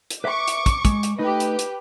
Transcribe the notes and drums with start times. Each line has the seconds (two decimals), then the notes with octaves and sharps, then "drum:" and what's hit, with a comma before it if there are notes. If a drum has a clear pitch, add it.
0.10 drum: hi-hat
0.24 B4 E5 C#6 D6
0.48 drum: hi-hat
0.66 drum: kick, hi-hat
0.85 G#3, drum: kick, hi-hat
1.03 drum: hi-hat
1.19 A3 D#4 G4 B4 D#5
1.40 drum: hi-hat
1.59 drum: hi-hat